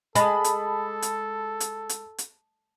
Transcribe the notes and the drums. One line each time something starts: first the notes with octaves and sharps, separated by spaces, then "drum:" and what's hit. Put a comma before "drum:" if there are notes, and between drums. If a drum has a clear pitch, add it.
G#3 A4 A5 B5 D#6, drum: hi-hat
drum: hi-hat
drum: hi-hat
drum: hi-hat
drum: hi-hat
drum: hi-hat